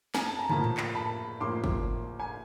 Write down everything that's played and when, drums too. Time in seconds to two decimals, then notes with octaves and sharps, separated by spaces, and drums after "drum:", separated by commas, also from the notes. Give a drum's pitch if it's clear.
0.15 G#5, drum: snare
0.26 A5
0.39 A#5
0.49 A2 F3 A#3 A5 B5, drum: tom
0.64 drum: tom A2
0.77 drum: clap
0.95 A5 B5
1.40 A2 F3 A#3 C6 D6
1.64 drum: kick
2.20 G#5